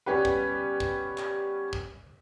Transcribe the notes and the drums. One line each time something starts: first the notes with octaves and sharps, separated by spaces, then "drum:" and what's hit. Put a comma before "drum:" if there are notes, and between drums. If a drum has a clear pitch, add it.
G3 B3 C#4 G4 B4
drum: kick
drum: kick
drum: clap
drum: kick